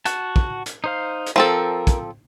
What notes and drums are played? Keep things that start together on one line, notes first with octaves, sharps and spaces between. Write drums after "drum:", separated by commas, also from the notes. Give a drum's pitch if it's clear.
F#4 F#5 A5, drum: hi-hat
drum: kick
drum: hi-hat
D#4 C5 F5
drum: hi-hat
F3 C4 A4 A#4
drum: kick, hi-hat